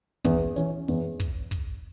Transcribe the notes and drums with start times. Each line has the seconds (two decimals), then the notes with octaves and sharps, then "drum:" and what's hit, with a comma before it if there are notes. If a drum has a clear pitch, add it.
0.24 E2, drum: kick
0.56 E3 C#4, drum: hi-hat
0.88 E2, drum: open hi-hat
1.20 drum: kick, hi-hat
1.51 drum: kick, hi-hat